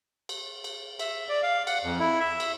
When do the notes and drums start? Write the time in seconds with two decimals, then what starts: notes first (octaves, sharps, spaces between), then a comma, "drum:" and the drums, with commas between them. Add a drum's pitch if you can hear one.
0.29 drum: cymbal
0.64 drum: cymbal
0.99 E5, drum: cymbal
1.29 D5
1.43 F5
1.67 F#5, drum: cymbal
1.84 F2
2.00 E4
2.20 E5
2.40 drum: cymbal